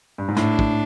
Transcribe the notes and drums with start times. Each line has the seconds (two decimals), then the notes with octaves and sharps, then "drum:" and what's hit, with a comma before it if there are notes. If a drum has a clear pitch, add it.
0.18 G2
0.28 G#2
0.37 A2 D4, drum: hi-hat
0.59 drum: kick